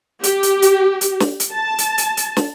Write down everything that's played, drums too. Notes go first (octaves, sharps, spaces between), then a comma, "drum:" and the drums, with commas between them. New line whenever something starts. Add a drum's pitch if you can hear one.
G4, drum: hi-hat
drum: hi-hat
drum: hi-hat
drum: hi-hat
drum: snare
drum: hi-hat
A5
drum: hi-hat
drum: hi-hat
drum: hi-hat
drum: snare